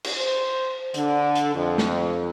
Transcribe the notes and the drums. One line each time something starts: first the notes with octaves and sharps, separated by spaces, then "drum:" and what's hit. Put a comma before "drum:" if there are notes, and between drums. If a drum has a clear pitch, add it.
drum: cymbal
C5
D3, drum: hi-hat
drum: hi-hat
F2
drum: snare